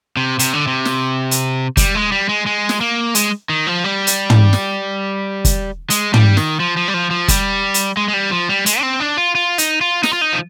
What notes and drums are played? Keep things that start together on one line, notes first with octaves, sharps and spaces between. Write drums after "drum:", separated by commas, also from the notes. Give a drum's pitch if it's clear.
C3
C3, drum: hi-hat
D3
C3
drum: snare
drum: hi-hat
G3, drum: kick, hi-hat
G#3
G3
G#3
G#3
drum: snare
A#3
G#3, drum: hi-hat
D#3
F3
G3
drum: hi-hat
drum: tom
drum: snare
drum: kick, hi-hat
G#3, drum: hi-hat
G3, drum: tom
D#3, drum: snare
F3
F3
G3
F3
F3
G3, drum: kick, hi-hat
drum: hi-hat
G#3
G#3
G3
F3
G3
G#3, drum: hi-hat
D4
C4
D4
F4
F4
D#4, drum: hi-hat
F4
D#4, drum: snare
F4
D#4
F3